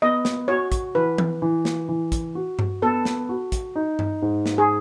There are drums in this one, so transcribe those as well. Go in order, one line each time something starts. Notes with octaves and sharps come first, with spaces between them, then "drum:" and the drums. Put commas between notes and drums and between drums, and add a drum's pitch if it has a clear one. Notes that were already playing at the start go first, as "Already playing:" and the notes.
B3 D#5
drum: snare
F#4 C#5
drum: kick, hi-hat
E3 B4
drum: tom E3
E3
drum: snare
E3
drum: kick, hi-hat
F#4
drum: tom G2
B3 A4
drum: snare
F#4
drum: kick, hi-hat
D#4
drum: tom G2
G#2
drum: snare
G#4